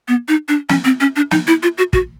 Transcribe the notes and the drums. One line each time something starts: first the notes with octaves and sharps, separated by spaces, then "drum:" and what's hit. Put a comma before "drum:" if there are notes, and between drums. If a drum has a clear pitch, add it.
B3
D#4
D4
C#4, drum: snare
C4
C#4
D4
D#4, drum: snare
E4
F4
F#4
F#4, drum: kick